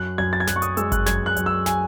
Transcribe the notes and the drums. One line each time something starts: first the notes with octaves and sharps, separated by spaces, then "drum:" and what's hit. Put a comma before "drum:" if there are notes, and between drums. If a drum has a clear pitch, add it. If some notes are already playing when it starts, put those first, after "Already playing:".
Already playing: F#2 F#6
F#2 G#6
A6
G#6
F#2 F#6, drum: snare
C#6
D#6, drum: hi-hat
G#3 E6, drum: hi-hat
F#6, drum: kick G1, hi-hat
F#2 G#6, drum: snare
F#6
F#2, drum: hi-hat
E6
G#5, drum: snare